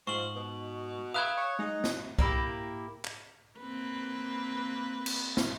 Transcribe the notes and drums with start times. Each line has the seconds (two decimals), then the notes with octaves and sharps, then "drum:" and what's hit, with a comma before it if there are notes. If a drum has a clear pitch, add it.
0.07 G#2 F3 F4 C5 C#6 F#7
0.35 B2
1.14 B4 E5 F5 A#5 B5 D#6 F#6 G#6
1.37 C#5
1.59 G#3 D#4
1.84 drum: snare
2.19 A#3 D4 E4 G4, drum: kick C2
3.05 drum: clap
3.60 A#3 C4 B4
5.06 drum: cymbal
5.37 drum: snare